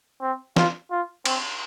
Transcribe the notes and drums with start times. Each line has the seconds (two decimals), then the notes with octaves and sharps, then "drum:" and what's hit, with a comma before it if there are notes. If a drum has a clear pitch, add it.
0.22 C4
0.56 F4, drum: snare
0.91 F4
1.25 C4, drum: cymbal